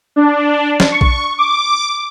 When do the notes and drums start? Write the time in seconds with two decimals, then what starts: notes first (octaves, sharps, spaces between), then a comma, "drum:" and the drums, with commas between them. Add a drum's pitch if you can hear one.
0.16 D4
0.80 drum: snare
0.91 C#6
1.01 drum: kick A#1
1.38 D6